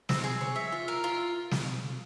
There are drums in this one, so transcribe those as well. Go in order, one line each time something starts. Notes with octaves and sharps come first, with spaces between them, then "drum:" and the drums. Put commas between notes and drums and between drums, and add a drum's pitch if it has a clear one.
C4, drum: snare
G#4
C#5
E5
F4
A#4
F4
drum: snare